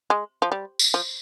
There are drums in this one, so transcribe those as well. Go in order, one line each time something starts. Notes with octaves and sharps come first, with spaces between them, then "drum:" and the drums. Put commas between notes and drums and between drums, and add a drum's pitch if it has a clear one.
G#3
F3
G3
drum: tambourine
F3